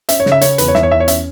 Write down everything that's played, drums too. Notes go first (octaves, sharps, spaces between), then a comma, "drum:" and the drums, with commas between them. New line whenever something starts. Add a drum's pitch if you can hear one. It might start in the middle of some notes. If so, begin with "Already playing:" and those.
C#4 E5, drum: hi-hat
C#5
C#3, drum: snare
E5
C#3 C#5, drum: hi-hat
E2 B4, drum: hi-hat
C#5
E2 E5, drum: snare
C#5
E2 E5
C#5
C#4 E5, drum: hi-hat